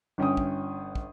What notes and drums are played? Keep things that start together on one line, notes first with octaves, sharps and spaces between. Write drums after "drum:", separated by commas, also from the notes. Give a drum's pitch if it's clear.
G1 C#4 G5 D#6
drum: kick
drum: kick